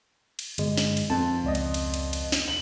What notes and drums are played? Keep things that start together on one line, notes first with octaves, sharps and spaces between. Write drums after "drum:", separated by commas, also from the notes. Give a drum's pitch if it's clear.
drum: cymbal
G1 G#3, drum: cymbal
drum: snare
drum: cymbal
F2 A5
C#2 D5 D#5
drum: cymbal
drum: cymbal
drum: cymbal
drum: cymbal
drum: snare
F#7